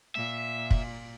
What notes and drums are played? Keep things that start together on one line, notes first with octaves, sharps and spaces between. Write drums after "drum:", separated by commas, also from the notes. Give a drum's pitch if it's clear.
A#2 E5
drum: kick